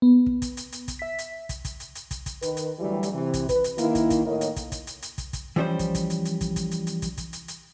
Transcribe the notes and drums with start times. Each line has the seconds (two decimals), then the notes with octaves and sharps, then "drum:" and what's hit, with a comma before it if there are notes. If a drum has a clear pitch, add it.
0.02 B3
0.26 drum: kick
0.42 drum: kick, hi-hat
0.57 drum: hi-hat
0.72 drum: hi-hat
0.88 drum: kick, hi-hat
0.99 E5 B6
1.19 drum: hi-hat
1.49 drum: kick, hi-hat
1.65 drum: kick, hi-hat
1.80 drum: hi-hat
1.95 drum: hi-hat
2.11 drum: kick, hi-hat
2.26 drum: kick, hi-hat
2.42 D#3 B4, drum: hi-hat
2.57 drum: hi-hat
2.79 D2 E3 F#3 G3
3.03 drum: hi-hat
3.13 C3 E3
3.34 drum: kick, hi-hat
3.49 B4, drum: kick, hi-hat
3.64 drum: hi-hat
3.78 D#3 A#3 E4, drum: hi-hat
3.95 drum: kick, hi-hat
4.10 drum: kick, hi-hat
4.26 A2 D#3 A#3 A#4 C#5 D#5
4.41 drum: hi-hat
4.56 drum: kick, hi-hat
4.72 drum: kick, hi-hat
4.87 drum: hi-hat
5.02 drum: hi-hat
5.18 drum: kick, hi-hat
5.33 drum: kick, hi-hat
5.56 E3 F3 G3 C#4 C5
5.79 drum: kick, hi-hat
5.95 drum: kick, hi-hat
6.10 drum: hi-hat
6.25 drum: hi-hat
6.41 drum: kick, hi-hat
6.56 drum: kick, hi-hat
6.71 drum: hi-hat
6.87 drum: hi-hat
7.02 drum: kick, hi-hat
7.18 drum: kick, hi-hat
7.33 drum: hi-hat
7.48 drum: hi-hat